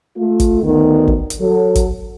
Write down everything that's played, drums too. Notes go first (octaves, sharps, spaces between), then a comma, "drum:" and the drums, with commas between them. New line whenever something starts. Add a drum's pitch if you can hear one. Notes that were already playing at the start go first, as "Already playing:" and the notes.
A3 F4
drum: kick, hi-hat
D2 D#3 B3
drum: kick
drum: hi-hat
F#3 A4
drum: kick, hi-hat